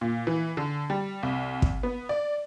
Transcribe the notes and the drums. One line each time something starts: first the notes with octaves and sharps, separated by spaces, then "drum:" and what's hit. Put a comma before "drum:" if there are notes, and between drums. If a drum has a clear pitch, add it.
A#2
E3
D3
G3
C2
drum: kick
B3
D5